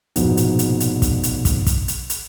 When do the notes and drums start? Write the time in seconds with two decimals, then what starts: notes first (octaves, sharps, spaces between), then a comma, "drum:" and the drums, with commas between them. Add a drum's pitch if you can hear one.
0.16 F1 A#1 G#2 B2, drum: hi-hat
0.37 drum: hi-hat
0.59 drum: hi-hat
0.80 drum: hi-hat
1.02 drum: kick, hi-hat
1.23 drum: hi-hat
1.45 drum: kick, hi-hat
1.67 drum: kick, hi-hat
1.88 drum: hi-hat
2.10 drum: hi-hat